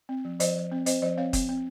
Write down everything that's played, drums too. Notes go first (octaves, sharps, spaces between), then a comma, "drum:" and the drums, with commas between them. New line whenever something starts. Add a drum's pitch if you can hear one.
C4
F3
F3 C5 D#5, drum: hi-hat
F3
C4
C4 C5 D#5, drum: hi-hat
F3 C5 D#5
C4 C#5 F5
C4, drum: kick, hi-hat
C4